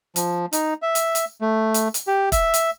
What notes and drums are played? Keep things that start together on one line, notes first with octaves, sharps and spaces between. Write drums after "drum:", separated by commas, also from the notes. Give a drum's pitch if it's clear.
F3, drum: hi-hat
D#4, drum: hi-hat
E5
drum: hi-hat
drum: hi-hat
A3
drum: hi-hat
drum: hi-hat
G4
E5, drum: kick, hi-hat
drum: hi-hat